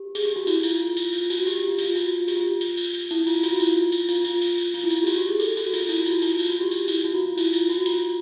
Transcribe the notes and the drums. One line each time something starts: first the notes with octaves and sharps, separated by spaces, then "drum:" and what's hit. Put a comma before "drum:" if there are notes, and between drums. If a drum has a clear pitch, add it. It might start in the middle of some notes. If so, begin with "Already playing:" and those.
Already playing: G4
G#4, drum: tambourine
G4
F#4
E4, drum: tambourine
F4, drum: tambourine
F4
drum: tambourine
F4, drum: tambourine
F#4, drum: tambourine
G4, drum: tambourine
G4
F4
F4, drum: tambourine
F#4, drum: tambourine
F4
G4, drum: tambourine
F4
drum: tambourine
drum: tambourine
drum: tambourine
E4, drum: tambourine
F4, drum: tambourine
F#4, drum: tambourine
F4
E4, drum: tambourine
F4
drum: tambourine
F4, drum: tambourine
F4, drum: tambourine
drum: tambourine
drum: tambourine
F4, drum: tambourine
E4
F4, drum: tambourine
G4
F#4, drum: tambourine
G4
G#4
A4, drum: tambourine
F#4, drum: tambourine
F4, drum: tambourine
E4, drum: tambourine
F#4
F4, drum: tambourine
E4, drum: tambourine
F4, drum: tambourine
F#4
G4
drum: tambourine
E4, drum: tambourine
F#4
F4
F4
E4, drum: tambourine
F4, drum: tambourine
F#4, drum: tambourine
F4, drum: tambourine